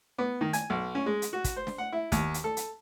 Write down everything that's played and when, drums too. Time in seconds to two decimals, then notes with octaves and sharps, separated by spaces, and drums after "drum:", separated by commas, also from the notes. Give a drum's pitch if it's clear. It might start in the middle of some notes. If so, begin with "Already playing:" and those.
0.18 B3
0.41 D#3
0.53 G#5, drum: hi-hat
0.70 B1
0.95 C#4
1.06 G#3
1.22 drum: hi-hat
1.33 F#4
1.44 drum: kick, hi-hat
1.56 C5
1.67 drum: snare
1.78 F#5
1.92 E4
2.12 D#2, drum: kick, hi-hat
2.34 drum: hi-hat
2.44 A4
2.57 drum: hi-hat